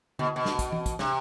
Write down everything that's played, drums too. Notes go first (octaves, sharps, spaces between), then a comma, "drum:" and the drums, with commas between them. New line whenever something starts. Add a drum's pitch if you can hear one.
B2, drum: tom D3
B2
drum: snare
drum: kick, hi-hat
drum: tom E3
drum: kick, hi-hat
C3, drum: snare